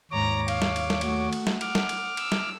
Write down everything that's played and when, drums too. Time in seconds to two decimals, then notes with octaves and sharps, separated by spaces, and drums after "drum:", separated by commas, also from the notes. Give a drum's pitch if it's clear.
0.11 D#2 G#2 C#5 A#5 D6 A#6
0.48 F5, drum: cymbal
0.62 drum: snare
0.76 drum: cymbal
0.90 drum: snare
1.01 A3 F#4, drum: cymbal
1.33 drum: cymbal
1.47 drum: snare
1.61 F#5 D6 F6, drum: cymbal
1.75 drum: snare
1.89 drum: cymbal
2.17 E6, drum: cymbal
2.32 drum: snare